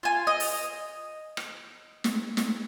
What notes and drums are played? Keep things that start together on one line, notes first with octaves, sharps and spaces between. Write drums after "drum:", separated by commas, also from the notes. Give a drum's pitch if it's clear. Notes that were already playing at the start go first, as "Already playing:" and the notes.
F4 G#5
D#5
drum: open hi-hat
drum: rim click
drum: snare
drum: snare